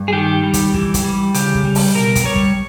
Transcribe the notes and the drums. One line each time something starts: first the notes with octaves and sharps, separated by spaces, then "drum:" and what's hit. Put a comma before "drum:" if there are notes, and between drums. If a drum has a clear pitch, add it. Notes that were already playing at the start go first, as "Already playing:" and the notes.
Already playing: G2
G#4
D#3 G4
G3
drum: kick, hi-hat
E3, drum: kick
drum: kick, hi-hat
G3
C#3 G4, drum: hi-hat
drum: kick
G3
drum: open hi-hat
B2 A#4
drum: kick, hi-hat
G3 C#5
drum: kick